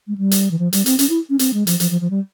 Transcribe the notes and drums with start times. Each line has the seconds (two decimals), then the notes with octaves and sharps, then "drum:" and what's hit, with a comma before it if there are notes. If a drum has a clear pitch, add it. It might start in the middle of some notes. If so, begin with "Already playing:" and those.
0.08 G#3
0.18 G3
0.31 drum: hi-hat
0.51 E3
0.59 F3
0.73 G3, drum: hi-hat
0.86 C4, drum: hi-hat
0.99 C#4, drum: hi-hat
1.09 E4
1.30 C#4
1.39 C4, drum: hi-hat
1.54 G#3
1.67 F3, drum: hi-hat
1.80 F3, drum: hi-hat
1.91 F3
2.01 F3
2.10 G3